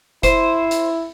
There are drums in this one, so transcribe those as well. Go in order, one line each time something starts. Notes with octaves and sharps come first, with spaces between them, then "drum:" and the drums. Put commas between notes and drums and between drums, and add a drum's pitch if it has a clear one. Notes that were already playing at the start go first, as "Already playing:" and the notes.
E4 C5, drum: kick F#1, hi-hat
drum: hi-hat